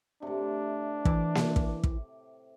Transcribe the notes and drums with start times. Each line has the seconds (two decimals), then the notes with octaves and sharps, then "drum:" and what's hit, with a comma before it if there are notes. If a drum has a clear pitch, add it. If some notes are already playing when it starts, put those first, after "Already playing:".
0.22 A2 C3 D4
1.05 E3 D6, drum: kick
1.35 drum: snare A#3
1.56 drum: kick
1.84 drum: kick